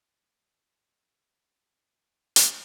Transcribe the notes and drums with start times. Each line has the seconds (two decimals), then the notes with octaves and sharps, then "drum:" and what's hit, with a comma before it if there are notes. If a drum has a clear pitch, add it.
1.95 A1 G5
2.36 drum: hi-hat